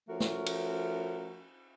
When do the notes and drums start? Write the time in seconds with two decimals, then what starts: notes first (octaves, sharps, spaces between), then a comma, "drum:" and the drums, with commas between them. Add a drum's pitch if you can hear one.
0.08 F3 A3 C#4 F#4 A#4
0.20 drum: snare
0.46 drum: cymbal